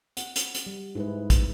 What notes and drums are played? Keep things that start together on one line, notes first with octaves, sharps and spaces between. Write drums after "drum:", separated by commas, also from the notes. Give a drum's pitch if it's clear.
F#5, drum: hi-hat
drum: hi-hat
drum: hi-hat
G3
G#2 E4 G#4 B4
drum: kick, hi-hat